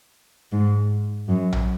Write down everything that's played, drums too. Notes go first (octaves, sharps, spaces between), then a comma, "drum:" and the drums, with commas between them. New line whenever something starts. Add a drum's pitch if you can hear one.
G#2
F#2
drum: tom A#1